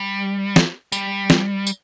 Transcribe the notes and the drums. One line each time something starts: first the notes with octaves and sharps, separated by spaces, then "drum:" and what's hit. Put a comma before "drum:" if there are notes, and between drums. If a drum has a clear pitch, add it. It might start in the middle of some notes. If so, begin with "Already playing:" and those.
Already playing: G3
drum: snare
G3, drum: tambourine
drum: snare
drum: tambourine